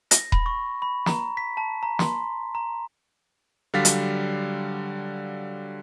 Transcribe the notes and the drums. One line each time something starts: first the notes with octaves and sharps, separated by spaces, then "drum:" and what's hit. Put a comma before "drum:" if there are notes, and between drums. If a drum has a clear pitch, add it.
A#6, drum: hi-hat
B5, drum: kick D#1
C#6
B5
A#5, drum: snare
B6
A5
A#5
C6, drum: snare
A#5
D3 F#3 G3 F5 A6 B6
drum: hi-hat